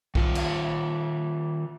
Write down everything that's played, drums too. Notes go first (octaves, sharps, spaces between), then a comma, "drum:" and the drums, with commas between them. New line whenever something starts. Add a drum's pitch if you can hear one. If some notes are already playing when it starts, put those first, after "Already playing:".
D#3 F4, drum: kick
drum: cymbal